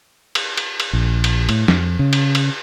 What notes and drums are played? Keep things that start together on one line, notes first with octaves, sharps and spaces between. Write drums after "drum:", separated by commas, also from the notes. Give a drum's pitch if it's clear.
drum: cymbal
drum: cymbal
drum: cymbal
A#1
drum: cymbal
A2, drum: cymbal
F2, drum: snare
C#3
drum: cymbal
drum: cymbal